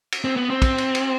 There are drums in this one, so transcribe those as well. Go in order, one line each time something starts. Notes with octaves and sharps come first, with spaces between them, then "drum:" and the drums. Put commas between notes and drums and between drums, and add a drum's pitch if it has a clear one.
drum: cymbal
C4
B3
C4
drum: kick, cymbal
drum: cymbal
drum: cymbal